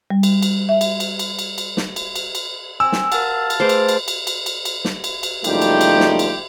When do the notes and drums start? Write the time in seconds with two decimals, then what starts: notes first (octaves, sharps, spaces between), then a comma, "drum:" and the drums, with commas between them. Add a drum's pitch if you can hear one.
0.10 G3
0.23 drum: cymbal
0.43 drum: cymbal
0.69 E5
0.81 drum: cymbal
1.00 drum: cymbal
1.19 drum: cymbal
1.39 drum: cymbal
1.58 drum: cymbal
1.77 drum: snare
1.96 drum: cymbal
2.16 drum: cymbal
2.35 drum: cymbal
2.80 C4 G#5 E6
2.92 drum: snare
3.12 A#4 F5 F#5 A5, drum: cymbal
3.50 drum: cymbal
3.60 A3 G#4 B4 C5
3.69 drum: cymbal
3.89 drum: cymbal
4.08 drum: cymbal
4.27 drum: cymbal
4.46 drum: cymbal
4.65 drum: cymbal
4.85 drum: snare
5.04 drum: cymbal
5.23 drum: cymbal
5.44 F#1 F3 G3 A3 D#4 G4, drum: cymbal
5.62 drum: cymbal
5.81 drum: cymbal
6.00 drum: snare
6.19 drum: cymbal